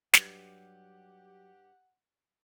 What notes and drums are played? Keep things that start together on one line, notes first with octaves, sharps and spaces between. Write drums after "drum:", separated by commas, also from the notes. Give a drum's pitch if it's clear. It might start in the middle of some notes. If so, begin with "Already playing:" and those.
G2 F#3 G4 F#5, drum: snare